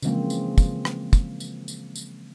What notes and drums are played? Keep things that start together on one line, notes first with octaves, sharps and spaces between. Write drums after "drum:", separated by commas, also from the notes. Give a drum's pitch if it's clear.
C#3 E3 F3 G#3 A#3 C4, drum: tambourine
drum: tambourine
drum: kick, tambourine
drum: rim click
drum: kick, tambourine
drum: tambourine
drum: tambourine
drum: tambourine